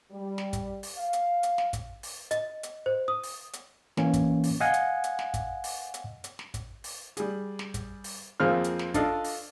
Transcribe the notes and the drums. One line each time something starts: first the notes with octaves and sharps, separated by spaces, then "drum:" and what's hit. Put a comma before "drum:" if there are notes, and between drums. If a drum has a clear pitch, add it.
G3
drum: snare
drum: kick, hi-hat
drum: open hi-hat
F5
drum: hi-hat
drum: hi-hat
drum: snare
drum: kick, hi-hat
drum: open hi-hat
D#5, drum: hi-hat
drum: hi-hat
C5
D#6
drum: open hi-hat
drum: hi-hat
E3 A#3 C#4, drum: snare
drum: kick, hi-hat
drum: open hi-hat
D#5 F5 F#5 G#5
drum: hi-hat
drum: hi-hat
drum: snare
drum: kick, hi-hat
drum: open hi-hat
drum: hi-hat
drum: hi-hat
drum: snare
drum: kick, hi-hat
drum: open hi-hat
G3 G#4, drum: hi-hat
drum: snare
drum: kick, hi-hat
drum: open hi-hat
F2 A#3 C4 G#4 F6
drum: hi-hat
drum: snare
D4 F4 A4 D#5 F5, drum: kick, hi-hat
drum: open hi-hat